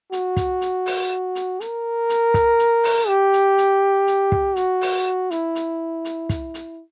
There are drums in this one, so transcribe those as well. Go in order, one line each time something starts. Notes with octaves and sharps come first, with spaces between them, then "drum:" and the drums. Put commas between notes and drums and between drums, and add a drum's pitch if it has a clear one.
F#4, drum: hi-hat
drum: kick, hi-hat
drum: hi-hat
drum: open hi-hat
drum: hi-hat
A#4, drum: hi-hat
drum: hi-hat
drum: kick, hi-hat
drum: hi-hat
drum: open hi-hat
G4
drum: hi-hat
drum: hi-hat
drum: hi-hat
drum: kick
F#4, drum: hi-hat
drum: open hi-hat
E4, drum: hi-hat
drum: hi-hat
drum: hi-hat
drum: kick, hi-hat
drum: hi-hat